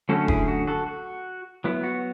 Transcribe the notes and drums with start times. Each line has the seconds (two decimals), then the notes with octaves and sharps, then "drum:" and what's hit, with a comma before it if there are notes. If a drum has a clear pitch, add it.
0.09 D3 F#3 A3 C#4 F#4 A4
0.28 E4 G#4, drum: kick E1
0.48 F#4
0.67 F#4 A4
0.86 F#4
1.64 F#3 B3 E4
1.84 F#4